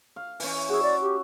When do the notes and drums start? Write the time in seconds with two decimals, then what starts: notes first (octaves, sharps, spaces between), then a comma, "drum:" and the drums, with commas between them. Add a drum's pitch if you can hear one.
0.16 F5
0.40 E3 C#4, drum: open hi-hat
0.69 F#4 G#4 E5
0.83 D5
1.02 G4